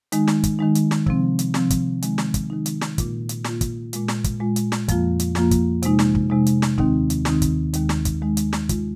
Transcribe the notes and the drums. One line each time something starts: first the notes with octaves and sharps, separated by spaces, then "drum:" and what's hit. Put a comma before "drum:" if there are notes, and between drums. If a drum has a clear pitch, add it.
D#3 G#3 D#4, drum: hi-hat
drum: snare
drum: kick, hi-hat
D#3 G#3 D#4
drum: hi-hat
drum: snare
C3 F3 C4, drum: kick
drum: hi-hat
C3 F3 C4, drum: snare
drum: kick, hi-hat
D#3 G#3 D#4, drum: hi-hat
drum: snare
drum: kick, hi-hat
D#3 G#3 D#4
drum: hi-hat
drum: snare
A#2 A#3 F4, drum: kick, hi-hat
drum: hi-hat
A#2 A#3 F4, drum: snare
drum: kick, hi-hat
A#2 G#3 F4, drum: hi-hat
drum: snare
drum: kick, hi-hat
A#2 G#3 F4
drum: hi-hat
drum: snare
F2 F3 A#3 F4, drum: kick, hi-hat
drum: hi-hat
F2 F3 A#3 F4, drum: snare
drum: kick, hi-hat
C3 G#3 D#4, drum: hi-hat
drum: snare
drum: kick
C3 G#3 D#4
drum: hi-hat
drum: snare
D#2 D#3 C4 D#4, drum: kick
drum: hi-hat
D#2 D#3 C4 D#4, drum: snare
drum: kick, hi-hat
D#2 D#3 G#3 D#4, drum: hi-hat
drum: snare
drum: kick, hi-hat
D#2 D#3 G#3 D#4
drum: hi-hat
drum: snare
C3 G#3 F4, drum: kick, hi-hat